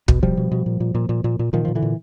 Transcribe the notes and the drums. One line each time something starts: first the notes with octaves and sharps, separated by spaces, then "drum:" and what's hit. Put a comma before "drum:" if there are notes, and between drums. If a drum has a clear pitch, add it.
B2, drum: kick
B2 F3 G3
B2
B2
A#2
A#2
A#2
A#2
A#2
A#2
A#2 D#3 F3
A#2 F3
D3 E3
A#2